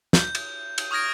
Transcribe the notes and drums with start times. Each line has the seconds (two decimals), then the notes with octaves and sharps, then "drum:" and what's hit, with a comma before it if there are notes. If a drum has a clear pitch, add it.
0.13 G6, drum: snare
0.35 drum: cymbal
0.78 drum: cymbal
0.91 C#6 D#6 F6 G#6 A#6 D7